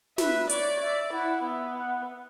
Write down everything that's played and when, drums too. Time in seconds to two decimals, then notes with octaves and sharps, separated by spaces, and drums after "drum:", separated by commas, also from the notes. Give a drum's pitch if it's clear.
0.18 B4 E5, drum: snare
0.49 C#5 D5, drum: hi-hat
0.81 D5 E5
1.13 E4 F#5
1.44 B3 E5
1.76 F#5